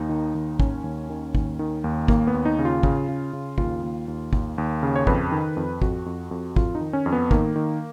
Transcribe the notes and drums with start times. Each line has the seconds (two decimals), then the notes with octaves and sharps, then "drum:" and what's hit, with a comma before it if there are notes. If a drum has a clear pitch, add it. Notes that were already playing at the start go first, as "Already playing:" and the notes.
Already playing: D#2 D#4
0.09 D#3
0.35 D#2
0.60 D#3 C#4, drum: kick
0.84 D#2
1.10 D#3
1.35 D#2, drum: kick
1.59 D#3
1.84 D#2
2.08 D#2 A#3, drum: kick
2.27 B3
2.34 D#2
2.45 D#4
2.59 C#3
2.65 F4
2.83 C#3, drum: kick
3.09 C#3
3.33 C#3
3.58 D#2 F4, drum: kick
3.83 D#2
4.08 D#2
4.33 D#2, drum: kick
4.58 D#2
4.83 C#3
4.96 C#5
5.07 F2 B4, drum: kick
5.32 D#3
5.57 F2
5.82 F2 F#4, drum: kick
6.06 F2
6.31 F2
6.56 F2 F4, drum: kick
6.75 D#4
6.81 D#3
6.93 C#4
7.06 F2
7.12 B3
7.31 D#3 A#3, drum: kick
7.56 D#3